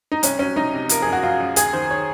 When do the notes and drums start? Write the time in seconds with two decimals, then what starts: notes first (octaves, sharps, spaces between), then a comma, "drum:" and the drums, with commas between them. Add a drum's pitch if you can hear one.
0.12 D#4
0.23 C2 C#4, drum: hi-hat
0.39 F#3 C#4
0.56 C2 D#4
0.73 C3
0.89 F3 A#4, drum: hi-hat
1.02 F#2 G#4
1.13 F#4
1.23 F#2 F4
1.40 F#2
1.56 D#2 G#4, drum: hi-hat
1.73 D#3 C5
1.90 D#3 C#5